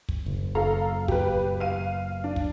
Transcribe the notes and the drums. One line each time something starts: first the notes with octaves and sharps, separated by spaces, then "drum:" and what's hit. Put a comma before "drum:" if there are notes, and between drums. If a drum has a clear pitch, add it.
drum: kick
F#1
A4 F5 A#5
G4 B4, drum: kick
F5 D#7
D4
drum: kick